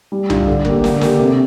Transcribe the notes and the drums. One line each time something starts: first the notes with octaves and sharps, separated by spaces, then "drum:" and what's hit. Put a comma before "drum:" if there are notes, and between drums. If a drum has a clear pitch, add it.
G3
D4 F4, drum: tom C2
D3
A#3 G4, drum: kick F#1
D3, drum: snare
A#3 G4, drum: snare
C3